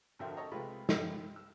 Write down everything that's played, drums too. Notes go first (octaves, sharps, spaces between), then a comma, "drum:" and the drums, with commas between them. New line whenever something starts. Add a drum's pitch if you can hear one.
G#1 F2 D3 C4 A#4 E5
A4 C#5 D#5 A#5
C2 G#3 A3 F4 B4 B5
drum: snare
E6